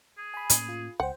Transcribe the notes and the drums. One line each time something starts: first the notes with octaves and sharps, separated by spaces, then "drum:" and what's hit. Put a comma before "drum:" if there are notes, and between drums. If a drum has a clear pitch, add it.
G#4
G#5 B5
A2 A#3 C#4, drum: hi-hat
F4
C#2 C5 F#5 G5